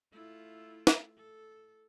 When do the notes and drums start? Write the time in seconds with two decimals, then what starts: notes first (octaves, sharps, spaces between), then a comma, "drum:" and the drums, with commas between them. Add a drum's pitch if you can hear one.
0.12 A3 E4 F4
0.87 drum: snare
1.17 A4